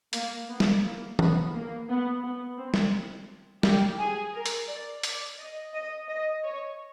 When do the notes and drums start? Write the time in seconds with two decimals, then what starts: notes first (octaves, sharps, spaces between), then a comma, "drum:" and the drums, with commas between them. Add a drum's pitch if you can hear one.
0.13 A#3, drum: hi-hat
0.49 B3
0.60 drum: snare
0.84 A#3
1.19 B3, drum: tom E3
1.54 A#3
1.89 B3
2.23 B3
2.58 C4
2.74 drum: snare
3.63 G4, drum: snare
3.99 G#4
4.34 A#4
4.46 drum: hi-hat
4.68 D5
5.03 D5, drum: hi-hat
5.39 D#5
5.73 D#5
6.08 D#5
6.44 C#5